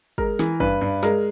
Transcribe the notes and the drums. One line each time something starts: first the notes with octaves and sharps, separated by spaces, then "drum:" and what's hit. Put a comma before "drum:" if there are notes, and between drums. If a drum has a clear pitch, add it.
G#3 A#4, drum: kick
E3, drum: snare
G2 B4, drum: kick
G2
G#3 A#4, drum: snare